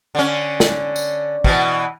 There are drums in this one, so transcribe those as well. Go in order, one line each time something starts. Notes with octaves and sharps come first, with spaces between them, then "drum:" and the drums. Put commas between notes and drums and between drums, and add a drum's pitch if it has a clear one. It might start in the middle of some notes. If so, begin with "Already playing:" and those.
D3 C#4
drum: snare
drum: tambourine
B2 E3, drum: kick